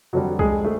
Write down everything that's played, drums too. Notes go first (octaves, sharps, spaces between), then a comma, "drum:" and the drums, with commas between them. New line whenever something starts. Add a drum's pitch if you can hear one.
F2 D3 F#3 G3 F#4
G#3 G#4, drum: kick
A3